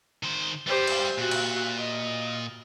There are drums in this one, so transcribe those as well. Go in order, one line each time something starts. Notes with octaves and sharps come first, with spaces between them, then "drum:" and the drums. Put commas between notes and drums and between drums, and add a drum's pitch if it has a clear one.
D#3 C5
G3 G4 B4 C5
drum: cymbal
A#2 F#4
drum: cymbal
D#5